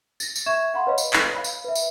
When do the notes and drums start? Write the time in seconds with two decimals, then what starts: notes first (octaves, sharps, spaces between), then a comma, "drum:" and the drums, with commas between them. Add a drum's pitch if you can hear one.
0.20 A6 A#6, drum: tambourine
0.36 drum: tambourine
0.46 E5 C#6 G#6 E7
0.74 F5 F#5 B5 C6
0.87 B4 C#5 D#5 F5
0.98 drum: tambourine
1.13 drum: clap
1.35 F5 B5
1.44 drum: tambourine
1.64 B4 E5
1.75 drum: tambourine